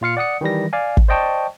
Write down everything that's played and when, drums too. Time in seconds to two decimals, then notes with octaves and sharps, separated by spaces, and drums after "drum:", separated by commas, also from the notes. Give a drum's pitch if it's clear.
0.01 A#2 F4 F5 C#7
0.17 D5 F#5 D#6 C#7
0.41 D#3 E3 G3 A#6
0.73 D5 F5 G#5
0.97 drum: kick
1.08 C5 D5 D#5 G5 A5 C#6